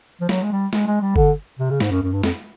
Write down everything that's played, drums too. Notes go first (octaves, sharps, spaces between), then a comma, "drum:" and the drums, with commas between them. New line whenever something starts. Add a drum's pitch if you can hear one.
F3
F#3, drum: snare
G#3
G3
G#3, drum: snare
G#3
G3
D3, drum: kick G1
C3
C#3
G#2, drum: snare
F#2
F#2
G2
F2, drum: snare